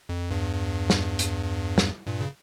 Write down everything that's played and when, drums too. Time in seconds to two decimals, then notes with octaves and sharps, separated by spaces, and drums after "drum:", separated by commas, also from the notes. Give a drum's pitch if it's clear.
0.09 F2
0.31 E2 G2
0.90 drum: snare
1.19 drum: hi-hat
1.78 drum: snare
2.07 G2 A#2
2.20 C#3